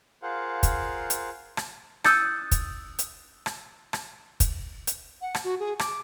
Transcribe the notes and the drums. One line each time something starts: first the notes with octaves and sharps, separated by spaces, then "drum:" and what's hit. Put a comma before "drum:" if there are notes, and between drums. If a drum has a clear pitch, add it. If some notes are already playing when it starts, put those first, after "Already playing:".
F4 G#4 A#4 C5 F5 F#5
drum: kick, hi-hat
drum: hi-hat
drum: rim click
D#6 E6 F#6 G6 A6 C#7, drum: rim click
drum: kick, hi-hat
drum: hi-hat
drum: rim click
drum: rim click
drum: kick, hi-hat
drum: hi-hat
F#5
drum: rim click
F#4
G#4
D6, drum: rim click